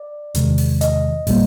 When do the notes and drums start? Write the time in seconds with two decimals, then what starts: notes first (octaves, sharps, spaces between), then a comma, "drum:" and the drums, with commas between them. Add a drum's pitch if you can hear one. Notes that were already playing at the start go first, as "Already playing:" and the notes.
Already playing: D5
0.35 E2 C3 D#3 G#3, drum: hi-hat
0.58 drum: open hi-hat
0.81 D#5, drum: hi-hat
1.27 A#2 G3 A#3, drum: kick, open hi-hat